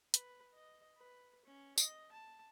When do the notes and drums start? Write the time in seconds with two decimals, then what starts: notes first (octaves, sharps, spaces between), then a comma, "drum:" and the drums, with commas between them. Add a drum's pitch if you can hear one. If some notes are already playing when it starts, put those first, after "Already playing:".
0.14 B4, drum: hi-hat
0.54 D#5
0.97 B4
1.45 C#4
1.78 D#5, drum: tambourine
2.12 A5